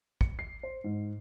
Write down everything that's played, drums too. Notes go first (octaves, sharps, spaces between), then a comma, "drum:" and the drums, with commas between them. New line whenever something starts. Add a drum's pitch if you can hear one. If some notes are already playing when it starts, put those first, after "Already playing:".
C#7, drum: kick
C7
C5
G#2